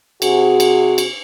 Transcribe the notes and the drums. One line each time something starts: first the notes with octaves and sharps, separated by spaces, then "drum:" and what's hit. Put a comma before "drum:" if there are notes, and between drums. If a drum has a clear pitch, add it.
C3 F#4 G#4, drum: cymbal
drum: cymbal
drum: cymbal